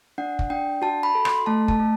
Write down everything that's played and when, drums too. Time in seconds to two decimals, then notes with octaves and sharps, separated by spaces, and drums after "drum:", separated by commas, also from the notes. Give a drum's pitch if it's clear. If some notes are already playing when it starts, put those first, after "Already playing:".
0.18 D4 F#5
0.39 drum: kick
0.50 D4 G5
0.82 F#4 A5
1.03 B5
1.15 A4
1.25 C6, drum: rim click
1.46 A3 A5
1.68 A5, drum: kick
1.80 A3